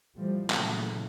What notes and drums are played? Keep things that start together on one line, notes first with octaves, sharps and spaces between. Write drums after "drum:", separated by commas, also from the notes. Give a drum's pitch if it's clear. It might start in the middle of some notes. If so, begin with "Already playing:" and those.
E3 F3 G3 A3
A#2 C#3 E3 F#3 A3 A#3, drum: clap